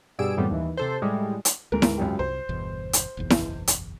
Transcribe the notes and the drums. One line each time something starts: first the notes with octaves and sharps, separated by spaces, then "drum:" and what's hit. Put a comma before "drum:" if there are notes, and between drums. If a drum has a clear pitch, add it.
G2 B2 G3 G#4 E6 D7
F#2 A2 E3 G3 B3 C4
D#2 E3
C3 A4 C5
A2 G3 G#3
drum: hi-hat
D2 G#2 A#4
drum: snare E4
C#2 F#2 G4
C2 C5
G1 E2 B2
drum: hi-hat
F#1 B1 E2
drum: snare E4
drum: hi-hat